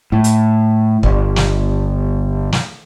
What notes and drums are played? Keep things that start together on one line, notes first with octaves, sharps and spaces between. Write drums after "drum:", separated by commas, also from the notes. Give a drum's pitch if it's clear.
A2
drum: hi-hat
G1, drum: kick
drum: snare
drum: snare